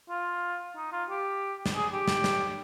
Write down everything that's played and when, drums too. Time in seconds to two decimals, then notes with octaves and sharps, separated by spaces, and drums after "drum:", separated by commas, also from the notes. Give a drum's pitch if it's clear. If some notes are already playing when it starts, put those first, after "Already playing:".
0.09 F4
0.76 D#4
0.92 F4
1.10 G4
1.66 drum: snare
1.76 G#4
1.93 G4
2.08 drum: snare
2.24 drum: snare